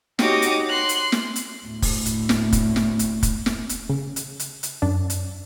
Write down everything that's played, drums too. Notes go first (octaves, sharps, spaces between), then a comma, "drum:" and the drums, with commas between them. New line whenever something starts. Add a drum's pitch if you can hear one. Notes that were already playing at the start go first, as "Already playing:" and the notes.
D#4 F#4 G4 C#5 D6 D#6, drum: snare
drum: hi-hat
C6 F#6
drum: hi-hat
drum: snare
drum: hi-hat
D2 A2
drum: kick, open hi-hat
drum: hi-hat
drum: snare
drum: kick, hi-hat
drum: snare
drum: hi-hat
drum: kick, hi-hat
drum: snare
drum: hi-hat
C#3
drum: hi-hat
drum: hi-hat
drum: hi-hat
F#2 D4
drum: hi-hat